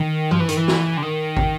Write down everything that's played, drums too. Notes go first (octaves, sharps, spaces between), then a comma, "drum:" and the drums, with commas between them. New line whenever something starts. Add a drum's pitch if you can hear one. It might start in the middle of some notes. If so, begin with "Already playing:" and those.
Already playing: D#3
F3, drum: tom G2
E3
D#3, drum: hi-hat
E3
drum: snare
D3
D#3
drum: kick